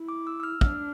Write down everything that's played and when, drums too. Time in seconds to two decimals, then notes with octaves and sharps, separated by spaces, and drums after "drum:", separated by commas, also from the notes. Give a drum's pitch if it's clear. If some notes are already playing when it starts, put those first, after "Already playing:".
Already playing: E4
0.09 D6
0.27 E6
0.40 E6
0.43 F6
0.61 D4 F6, drum: kick